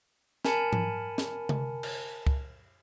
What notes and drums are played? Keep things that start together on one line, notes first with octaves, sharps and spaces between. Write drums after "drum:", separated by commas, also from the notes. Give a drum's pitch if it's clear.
A#4 G#5 A5 B5 C#7, drum: snare
drum: tom G#2
drum: snare
drum: tom C3
drum: cymbal
drum: kick C#2